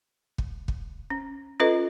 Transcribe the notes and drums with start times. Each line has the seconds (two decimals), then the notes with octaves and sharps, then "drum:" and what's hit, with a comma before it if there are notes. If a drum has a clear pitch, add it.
0.38 drum: kick
0.68 drum: kick
1.10 C#4
1.60 C#4 F4 A4 B4 D#5